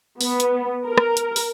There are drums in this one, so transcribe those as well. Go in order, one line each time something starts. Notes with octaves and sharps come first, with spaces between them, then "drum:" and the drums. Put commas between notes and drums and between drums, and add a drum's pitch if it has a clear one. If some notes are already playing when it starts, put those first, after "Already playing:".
B3, drum: open hi-hat
drum: hi-hat
A#4
drum: rim click
drum: hi-hat
drum: open hi-hat